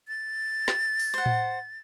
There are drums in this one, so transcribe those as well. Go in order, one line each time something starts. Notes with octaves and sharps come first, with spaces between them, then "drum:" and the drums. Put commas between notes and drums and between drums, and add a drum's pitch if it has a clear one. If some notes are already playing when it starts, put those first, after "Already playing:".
A6
drum: snare
drum: open hi-hat
C5 F#5
drum: tom A2